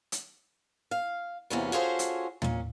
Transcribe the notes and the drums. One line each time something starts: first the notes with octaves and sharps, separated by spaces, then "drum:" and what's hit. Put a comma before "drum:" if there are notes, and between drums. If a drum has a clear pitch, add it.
drum: hi-hat
F5
E2 C3 A#3 C#4 F#4 B4
C#4 F4 F#4 G#4 A4 C5
drum: hi-hat
A#2 C#4, drum: tom